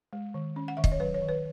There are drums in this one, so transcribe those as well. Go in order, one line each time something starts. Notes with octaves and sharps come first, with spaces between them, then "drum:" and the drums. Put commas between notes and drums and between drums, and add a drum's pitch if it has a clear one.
G#3
D#3
C#4
F#5
D#3 E5
D#5, drum: kick
C#5
F#3 B4
C#5
D#3
B4